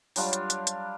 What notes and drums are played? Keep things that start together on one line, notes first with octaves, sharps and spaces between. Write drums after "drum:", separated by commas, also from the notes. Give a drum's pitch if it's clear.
F#3 G3 D4 F4, drum: open hi-hat
drum: hi-hat
drum: hi-hat
drum: hi-hat